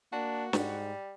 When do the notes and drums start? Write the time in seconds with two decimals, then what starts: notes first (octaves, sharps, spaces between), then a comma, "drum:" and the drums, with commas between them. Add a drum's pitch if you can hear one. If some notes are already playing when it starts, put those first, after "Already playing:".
0.13 A#3 D4 F#4
0.53 G#2 G3, drum: snare